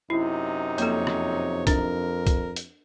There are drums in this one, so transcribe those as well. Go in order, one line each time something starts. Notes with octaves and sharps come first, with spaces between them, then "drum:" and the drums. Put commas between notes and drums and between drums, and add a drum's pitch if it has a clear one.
F#2 C3 D#4 E4
F2 A#3 A4 C#5, drum: hi-hat
drum: rim click
D4 A#4, drum: kick C2, hi-hat
drum: kick C2, hi-hat
drum: hi-hat